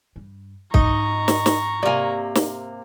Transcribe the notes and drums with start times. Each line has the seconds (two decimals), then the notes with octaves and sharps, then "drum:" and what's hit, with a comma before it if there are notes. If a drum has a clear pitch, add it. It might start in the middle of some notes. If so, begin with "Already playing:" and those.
0.16 G2
0.74 G#2 C#4 D#4 D#5 A#5 C#6, drum: kick
1.28 drum: snare
1.46 drum: snare
1.83 C3 A#3 D5 G#5
2.35 drum: snare